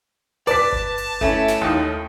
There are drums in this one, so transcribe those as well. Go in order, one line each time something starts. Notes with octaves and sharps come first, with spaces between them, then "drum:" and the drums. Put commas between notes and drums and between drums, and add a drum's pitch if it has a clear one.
B4 D5 A5 B6, drum: open hi-hat
drum: kick G1
drum: open hi-hat
A3 C#4 E4, drum: kick G1
drum: snare
D#2 D#3